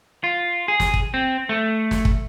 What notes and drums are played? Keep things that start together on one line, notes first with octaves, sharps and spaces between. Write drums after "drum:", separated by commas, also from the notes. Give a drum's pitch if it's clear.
F4
G#4
drum: snare
drum: kick
C4
A3
drum: snare
drum: kick